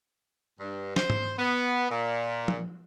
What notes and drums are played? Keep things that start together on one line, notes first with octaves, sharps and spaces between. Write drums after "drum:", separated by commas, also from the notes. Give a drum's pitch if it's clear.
G2
C5, drum: snare
drum: tom G#2
B3
A#2
drum: tom F3